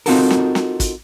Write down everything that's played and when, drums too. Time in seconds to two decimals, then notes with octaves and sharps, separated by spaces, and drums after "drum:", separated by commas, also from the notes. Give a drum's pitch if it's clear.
0.06 C4 D#4 F4 F#4 A4 A#4, drum: open hi-hat
0.31 drum: snare
0.55 drum: snare
0.80 drum: kick, hi-hat